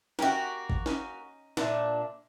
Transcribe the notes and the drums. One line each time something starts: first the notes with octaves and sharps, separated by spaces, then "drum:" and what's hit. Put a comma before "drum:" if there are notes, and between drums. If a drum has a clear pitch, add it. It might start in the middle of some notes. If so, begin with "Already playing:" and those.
A#3 C#4 F#4 G4 E5, drum: snare
drum: kick G#1
C#4 D#4, drum: snare
A#2 D4 E5, drum: snare